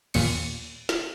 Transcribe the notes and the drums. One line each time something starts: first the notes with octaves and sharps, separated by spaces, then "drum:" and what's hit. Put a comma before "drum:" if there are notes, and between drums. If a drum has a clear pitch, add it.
D#2 A#2 C#7, drum: cymbal
drum: snare